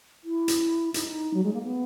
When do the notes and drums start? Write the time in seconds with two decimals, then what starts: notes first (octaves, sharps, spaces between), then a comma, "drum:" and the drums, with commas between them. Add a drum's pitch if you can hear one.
0.24 E4
0.48 drum: hi-hat
0.94 D#4, drum: hi-hat
1.34 F#3
1.44 G#3
1.54 A#3
1.64 B3